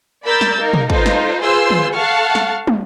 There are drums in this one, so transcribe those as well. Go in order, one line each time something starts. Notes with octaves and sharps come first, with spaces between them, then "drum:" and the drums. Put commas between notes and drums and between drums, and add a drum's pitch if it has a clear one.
A#4 D5 B5 E6 G6 A6
drum: snare
A#3 D#4 A#4
drum: tom
D#4 F4 A4 B4 C5, drum: kick
drum: snare
F4 G#4 B4 C5 C6 E6
drum: tom
A4 F5 F#5 A5 C#6 F6
drum: snare
drum: tom